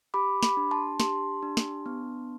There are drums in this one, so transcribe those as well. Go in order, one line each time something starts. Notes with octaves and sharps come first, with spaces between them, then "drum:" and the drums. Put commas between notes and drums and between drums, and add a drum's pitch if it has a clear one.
G4 B5 D6
B5 D6, drum: snare
D4
A5 C6
G4 A5 C6, drum: snare
D4
drum: snare
B3